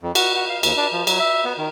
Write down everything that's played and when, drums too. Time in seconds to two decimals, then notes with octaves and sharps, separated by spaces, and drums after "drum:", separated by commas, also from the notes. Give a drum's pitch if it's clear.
0.03 F2
0.15 F#4, drum: cymbal
0.36 F#4
0.50 F5
0.63 D#2, drum: cymbal
0.77 D4
0.92 F3
1.07 F#3, drum: cymbal
1.19 E5
1.45 B3
1.58 D#3